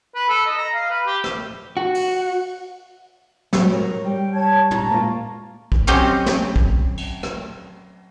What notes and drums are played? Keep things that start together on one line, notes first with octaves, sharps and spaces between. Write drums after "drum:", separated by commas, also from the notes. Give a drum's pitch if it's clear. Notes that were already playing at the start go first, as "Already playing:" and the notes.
B4
A4
D#5
A#5
F5
B4
G4
drum: rim click
F#4
drum: open hi-hat
F#3, drum: snare
A#4 C#5
G3 G5
C#5 A5 G#6
A5 A#5 C#6, drum: tom
A#3 F4
drum: kick
F#3 C4 C#4 G4 D#5
drum: snare
drum: kick
drum: cymbal
drum: rim click